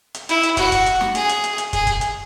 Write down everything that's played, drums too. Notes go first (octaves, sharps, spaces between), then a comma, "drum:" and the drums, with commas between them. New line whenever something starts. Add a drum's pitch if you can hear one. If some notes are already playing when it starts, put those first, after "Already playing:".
drum: hi-hat
E4, drum: hi-hat
drum: hi-hat
F#4, drum: kick, hi-hat
drum: kick, hi-hat
drum: hi-hat
drum: snare
G#4, drum: hi-hat
drum: hi-hat
drum: hi-hat
drum: hi-hat
G#4, drum: kick, hi-hat
drum: kick, hi-hat
drum: hi-hat